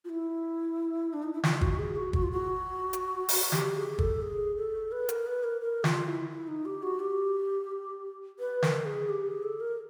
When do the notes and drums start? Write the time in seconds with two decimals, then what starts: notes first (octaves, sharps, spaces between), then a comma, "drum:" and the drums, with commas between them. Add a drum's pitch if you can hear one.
0.05 F4
0.09 E4
1.13 D4
1.23 D#4
1.33 E4
1.43 F4, drum: snare
1.61 F#4, drum: kick
1.79 G#4
1.96 F#4
2.13 F#4, drum: kick
2.23 F4
2.32 F#4
2.93 drum: hi-hat
3.29 drum: open hi-hat
3.52 G4, drum: snare
3.75 G#4
3.99 A4, drum: kick
4.22 G#4
4.56 A4
4.92 B4
5.09 A#4, drum: hi-hat
5.26 B4
5.44 A#4
5.61 A#4
5.84 F4, drum: snare
6.07 E4
6.30 E4
6.48 D#4
6.65 G4
6.83 F#4
7.00 G4
8.39 B4
8.62 A#4, drum: snare
8.85 G#4
9.09 G4
9.26 G#4
9.43 A4
9.60 A#4